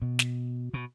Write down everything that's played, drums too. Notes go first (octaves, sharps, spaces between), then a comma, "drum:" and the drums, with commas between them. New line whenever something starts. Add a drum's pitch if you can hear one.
B2
drum: snare
B2